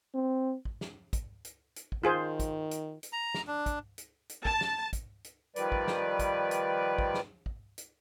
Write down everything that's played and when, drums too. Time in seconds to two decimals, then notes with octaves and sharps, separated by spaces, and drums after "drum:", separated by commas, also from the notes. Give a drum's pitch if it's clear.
0.15 C4
0.65 drum: kick
0.81 drum: snare
1.13 drum: kick, hi-hat
1.45 drum: hi-hat
1.76 drum: hi-hat
1.92 drum: kick
2.03 D#3 F4 G#4 C5
2.40 drum: kick, hi-hat
2.71 drum: hi-hat
3.03 drum: hi-hat
3.13 A#5
3.34 drum: snare
3.47 D4
3.66 drum: kick, hi-hat
3.98 drum: hi-hat
4.29 drum: hi-hat
4.45 A5, drum: kick
4.61 drum: snare
4.93 drum: kick, hi-hat
5.24 drum: hi-hat
5.56 D#3 F3 G3 B4 D5, drum: hi-hat
5.72 drum: kick
5.88 drum: snare
6.19 drum: kick, hi-hat
6.51 drum: hi-hat
6.98 drum: kick
7.14 drum: snare
7.46 drum: kick
7.78 drum: hi-hat